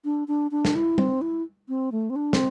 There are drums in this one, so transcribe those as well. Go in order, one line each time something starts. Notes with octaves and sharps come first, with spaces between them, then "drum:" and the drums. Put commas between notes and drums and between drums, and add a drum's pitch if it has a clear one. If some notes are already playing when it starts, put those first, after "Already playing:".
D4
D4
D4
drum: snare
E4
C4, drum: tom G3
E4
C4
A3
C4
D4
C4, drum: snare